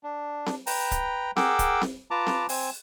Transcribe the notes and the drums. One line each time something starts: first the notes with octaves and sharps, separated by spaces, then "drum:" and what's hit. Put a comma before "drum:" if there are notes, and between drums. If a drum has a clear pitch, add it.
D4
drum: snare C4
B4 G5 A#5, drum: open hi-hat
drum: kick C#1, hi-hat
G#4 A#4 F#5 G5 D6 E6, drum: snare C4
drum: kick C#1, hi-hat
drum: snare C4
F4 B4 A5 A#5 D6
drum: snare C4
C4 G#5, drum: open hi-hat